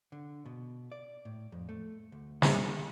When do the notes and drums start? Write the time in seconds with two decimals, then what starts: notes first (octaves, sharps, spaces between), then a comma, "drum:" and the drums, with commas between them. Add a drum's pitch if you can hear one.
0.12 D3
0.46 B2
0.92 D5
1.25 A2
1.52 F2
1.69 A3
2.12 D2
2.42 A4, drum: snare